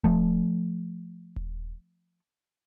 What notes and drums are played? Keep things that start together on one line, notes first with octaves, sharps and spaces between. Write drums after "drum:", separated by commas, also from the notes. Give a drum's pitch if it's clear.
F3 A3, drum: kick D#1
drum: kick D#1